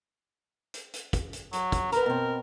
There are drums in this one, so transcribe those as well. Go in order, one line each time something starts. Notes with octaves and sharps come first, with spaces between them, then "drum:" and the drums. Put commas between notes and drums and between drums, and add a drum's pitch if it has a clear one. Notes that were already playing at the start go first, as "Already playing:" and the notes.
drum: hi-hat
drum: hi-hat
drum: kick, hi-hat
drum: hi-hat
F#3, drum: hi-hat
drum: kick, hi-hat
A#4 B4 A#5, drum: hi-hat
B2 C4